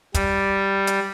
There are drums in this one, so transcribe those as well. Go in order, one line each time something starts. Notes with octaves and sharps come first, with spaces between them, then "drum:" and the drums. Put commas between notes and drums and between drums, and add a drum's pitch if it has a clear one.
G3, drum: kick, hi-hat
drum: hi-hat